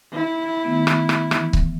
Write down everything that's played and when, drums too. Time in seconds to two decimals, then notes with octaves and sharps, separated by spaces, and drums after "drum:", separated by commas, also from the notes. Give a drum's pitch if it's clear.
0.13 E4
0.65 D#3 A3 B3
0.87 drum: rim click
1.09 drum: rim click
1.31 E3, drum: rim click
1.53 drum: kick C#1